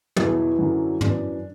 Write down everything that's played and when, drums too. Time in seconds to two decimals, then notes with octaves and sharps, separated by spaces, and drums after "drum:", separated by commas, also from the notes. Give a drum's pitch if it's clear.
0.16 E2 B2 E3 F#3 E4, drum: tom
0.59 F#2 D3 F#3
1.01 F#2 E3 D4, drum: tom